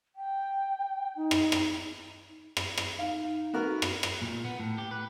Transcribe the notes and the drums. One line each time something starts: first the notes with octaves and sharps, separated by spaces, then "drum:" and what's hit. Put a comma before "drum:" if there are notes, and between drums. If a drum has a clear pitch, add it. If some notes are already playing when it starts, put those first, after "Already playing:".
G5
D#4
drum: rim click
drum: rim click
drum: rim click
drum: rim click
D#4 F5
B3 F#4 A#4
drum: rim click
drum: rim click
A#2
B3
A2
G4
B4